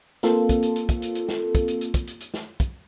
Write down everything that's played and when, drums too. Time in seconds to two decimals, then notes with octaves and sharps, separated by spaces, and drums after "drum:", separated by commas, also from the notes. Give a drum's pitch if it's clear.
0.23 A#3 C4 F4 A4, drum: snare
0.49 drum: kick, hi-hat
0.63 drum: hi-hat
0.76 drum: hi-hat
0.89 drum: kick, hi-hat
1.02 drum: hi-hat
1.15 drum: hi-hat
1.28 drum: snare
1.55 drum: kick, hi-hat
1.68 drum: hi-hat
1.81 drum: hi-hat
1.94 drum: kick, hi-hat
2.07 drum: hi-hat
2.20 drum: hi-hat
2.34 drum: snare
2.60 drum: kick, hi-hat